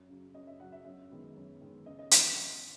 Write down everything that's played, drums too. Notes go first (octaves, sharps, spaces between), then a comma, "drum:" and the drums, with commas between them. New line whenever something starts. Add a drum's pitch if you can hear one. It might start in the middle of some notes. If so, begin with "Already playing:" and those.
Already playing: F#2
C#3 F#3
F#2 D#5
E5
C#3 F#3 F#5
E5
F#2 E5
D#3 G#3 B3
F#2
D#3 G#3 B3
C#3 D#5
D#5
E3 E5, drum: hi-hat